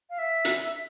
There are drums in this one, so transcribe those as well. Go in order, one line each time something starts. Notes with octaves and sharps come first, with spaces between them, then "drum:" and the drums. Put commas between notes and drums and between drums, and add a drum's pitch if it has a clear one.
F5
E5
drum: hi-hat